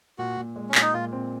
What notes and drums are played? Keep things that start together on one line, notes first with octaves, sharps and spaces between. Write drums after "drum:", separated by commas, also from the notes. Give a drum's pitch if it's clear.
A#2 F#4
A#2
G#3
C#4
A#2, drum: clap
D#4
A#2 F4
C4